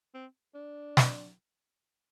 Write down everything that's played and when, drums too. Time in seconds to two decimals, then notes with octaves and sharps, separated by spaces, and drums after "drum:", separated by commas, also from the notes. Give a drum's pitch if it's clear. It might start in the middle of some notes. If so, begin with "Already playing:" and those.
0.15 C4
0.55 D4
0.97 drum: snare